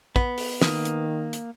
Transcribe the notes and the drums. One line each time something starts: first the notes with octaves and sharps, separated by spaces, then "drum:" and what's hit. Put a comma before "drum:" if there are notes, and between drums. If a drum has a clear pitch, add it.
B3, drum: kick
drum: open hi-hat
D#3 A#3 D#6, drum: snare
drum: hi-hat
drum: hi-hat